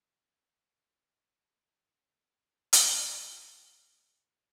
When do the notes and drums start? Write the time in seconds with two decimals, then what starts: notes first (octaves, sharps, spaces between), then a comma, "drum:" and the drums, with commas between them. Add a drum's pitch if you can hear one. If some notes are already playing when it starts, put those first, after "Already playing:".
0.54 C#2 C#5
1.69 F6
2.01 D5
2.73 drum: hi-hat
3.27 F#3 A#3